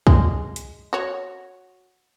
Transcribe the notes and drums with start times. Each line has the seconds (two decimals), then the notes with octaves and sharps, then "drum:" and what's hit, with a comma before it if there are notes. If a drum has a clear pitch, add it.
0.07 G#3, drum: kick
0.56 drum: hi-hat
0.93 F#4 C#5